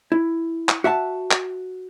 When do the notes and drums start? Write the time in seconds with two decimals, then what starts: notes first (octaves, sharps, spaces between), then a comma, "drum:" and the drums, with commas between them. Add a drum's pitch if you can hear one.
0.12 E4
0.69 drum: clap
0.84 F#4 E5 F#5 A5
1.31 drum: clap